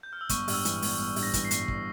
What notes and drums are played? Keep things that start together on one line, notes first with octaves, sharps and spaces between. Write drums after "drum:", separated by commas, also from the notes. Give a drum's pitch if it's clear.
G6
F6
E6
G1 C#6, drum: kick, hi-hat
G2 F6, drum: open hi-hat
E6
E3, drum: hi-hat
F6
G1, drum: open hi-hat
G1 F6
G2, drum: open hi-hat
A#6
E3, drum: kick, hi-hat
C7
G1, drum: hi-hat
drum: kick